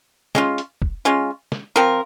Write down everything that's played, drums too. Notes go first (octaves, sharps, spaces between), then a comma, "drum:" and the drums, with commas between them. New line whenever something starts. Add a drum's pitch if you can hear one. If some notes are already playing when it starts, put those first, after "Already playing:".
G#3 C#4 F4, drum: snare
drum: hi-hat
drum: kick
G#3 C#4 F4
drum: snare
F3 C4 F4 A#4